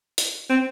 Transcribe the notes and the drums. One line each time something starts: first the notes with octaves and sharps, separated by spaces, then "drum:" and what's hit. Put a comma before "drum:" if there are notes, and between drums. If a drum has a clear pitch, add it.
drum: hi-hat
C4